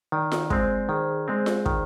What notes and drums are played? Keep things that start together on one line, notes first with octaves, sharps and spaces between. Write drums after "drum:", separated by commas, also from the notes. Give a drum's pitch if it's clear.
D#3 D5
drum: snare F4
G#3 C4 C5, drum: kick
D#3 G#4
G#3 C4
drum: snare F4
D#3, drum: kick